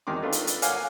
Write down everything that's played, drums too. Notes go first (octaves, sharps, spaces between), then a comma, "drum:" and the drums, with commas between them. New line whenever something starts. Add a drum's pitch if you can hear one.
E2 D#3 G#3 D#4 C6 D6
A3 B3 D4 F4 A#4 B4
drum: hi-hat
drum: hi-hat
A#4 C#5 F5 F#5 G#5 D6, drum: hi-hat